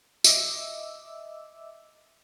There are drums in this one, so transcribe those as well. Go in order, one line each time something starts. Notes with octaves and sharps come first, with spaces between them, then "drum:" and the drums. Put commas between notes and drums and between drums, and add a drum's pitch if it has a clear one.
D#5 E5 D6 E6, drum: tambourine